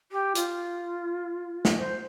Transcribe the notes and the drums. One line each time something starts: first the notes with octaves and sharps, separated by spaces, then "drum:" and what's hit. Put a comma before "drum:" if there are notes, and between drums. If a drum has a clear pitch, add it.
G4
F4, drum: hi-hat
drum: snare
C5